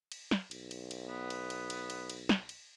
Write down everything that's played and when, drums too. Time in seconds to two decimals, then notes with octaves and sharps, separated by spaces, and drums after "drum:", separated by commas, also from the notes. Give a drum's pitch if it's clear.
0.12 drum: cymbal
0.31 drum: snare
0.51 B1, drum: cymbal
0.71 drum: cymbal
0.91 drum: cymbal
1.08 B3
1.30 drum: cymbal
1.50 drum: cymbal
1.70 drum: cymbal
1.90 drum: cymbal
2.10 drum: cymbal
2.29 drum: snare
2.49 drum: cymbal